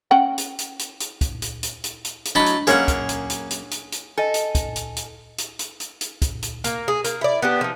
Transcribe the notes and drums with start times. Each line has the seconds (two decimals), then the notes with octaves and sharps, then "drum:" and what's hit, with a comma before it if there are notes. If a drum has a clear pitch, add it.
0.11 C#4 F#5 G5
0.38 drum: hi-hat
0.59 drum: hi-hat
0.79 drum: hi-hat
1.00 drum: hi-hat
1.21 drum: kick, hi-hat
1.42 drum: hi-hat
1.63 drum: hi-hat
1.84 drum: hi-hat
2.04 drum: hi-hat
2.25 drum: hi-hat
2.35 A2 F#3 D4 D#5 A5 B5
2.46 drum: hi-hat
2.67 F#2 A#3 C#4 G#4 C#5 F#5, drum: hi-hat
2.88 drum: kick, hi-hat
3.09 drum: hi-hat
3.30 drum: hi-hat
3.50 drum: hi-hat
3.71 drum: hi-hat
3.92 drum: hi-hat
4.18 A4 D#5 G#5
4.34 drum: hi-hat
4.55 drum: kick, hi-hat
4.76 drum: hi-hat
4.96 drum: hi-hat
5.38 drum: hi-hat
5.59 drum: hi-hat
5.80 drum: hi-hat
6.01 drum: hi-hat
6.22 drum: kick, hi-hat
6.42 drum: hi-hat
6.64 A#3, drum: hi-hat
6.88 G#4
7.04 A#3, drum: hi-hat
7.21 E4 D5
7.42 B3 D4 G4
7.61 F3 D#4